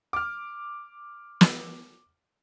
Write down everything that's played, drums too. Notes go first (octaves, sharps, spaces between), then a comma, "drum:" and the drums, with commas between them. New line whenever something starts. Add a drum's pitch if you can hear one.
D6 F6
drum: snare